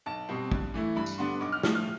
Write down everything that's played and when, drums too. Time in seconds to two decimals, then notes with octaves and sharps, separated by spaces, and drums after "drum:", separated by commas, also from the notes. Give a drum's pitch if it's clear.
0.06 B1 A5
0.29 B2 G3 C4
0.52 G2, drum: kick
0.74 E3 A3 E4
0.96 G2 B5
1.06 drum: tambourine
1.18 D3 G3 B3 D4 C6
1.40 B1 D6
1.52 F6
1.63 A2 F3 A3 F6, drum: snare
1.75 F6